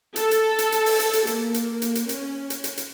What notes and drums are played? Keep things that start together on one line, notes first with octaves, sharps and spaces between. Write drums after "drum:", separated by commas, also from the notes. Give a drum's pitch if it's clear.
A4, drum: hi-hat
drum: hi-hat
drum: hi-hat
drum: hi-hat
drum: open hi-hat
drum: hi-hat
drum: hi-hat
A#3, drum: hi-hat
drum: hi-hat
drum: hi-hat
drum: hi-hat
C#4, drum: hi-hat
drum: hi-hat
drum: hi-hat
drum: hi-hat